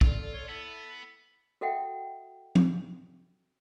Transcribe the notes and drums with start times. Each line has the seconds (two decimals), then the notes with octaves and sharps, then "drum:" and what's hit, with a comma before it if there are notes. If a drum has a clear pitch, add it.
0.01 F4 A4 D5, drum: kick
0.34 C#5
0.48 B3 E4 A4
1.61 F#4 A4 D#5 E5 F#5 G5
2.55 drum: tom F3